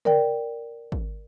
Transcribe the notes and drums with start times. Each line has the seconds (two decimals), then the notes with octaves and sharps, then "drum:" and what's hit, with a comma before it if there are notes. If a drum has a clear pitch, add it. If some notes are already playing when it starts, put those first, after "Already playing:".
0.05 A#4 D5 G5, drum: tom
0.92 drum: kick